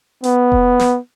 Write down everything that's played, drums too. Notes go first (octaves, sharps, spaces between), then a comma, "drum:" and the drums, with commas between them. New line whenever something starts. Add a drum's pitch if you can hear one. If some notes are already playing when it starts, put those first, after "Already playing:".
B3, drum: hi-hat
drum: kick F1
drum: snare